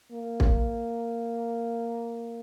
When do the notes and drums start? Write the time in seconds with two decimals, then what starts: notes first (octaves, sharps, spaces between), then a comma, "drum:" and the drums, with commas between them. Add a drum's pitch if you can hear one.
0.12 A#3
0.40 drum: kick